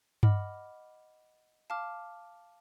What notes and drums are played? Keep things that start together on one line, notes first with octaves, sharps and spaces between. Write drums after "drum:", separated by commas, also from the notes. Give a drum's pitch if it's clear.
D#5 F#5 B5 D6 F6, drum: tom G2
F5 A5 D6 F6